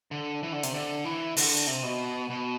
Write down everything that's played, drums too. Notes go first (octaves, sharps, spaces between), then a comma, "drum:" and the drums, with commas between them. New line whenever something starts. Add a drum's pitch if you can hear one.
D3
E3
D3
C3, drum: hi-hat
D3
E3
D3, drum: open hi-hat
C3
B2
B2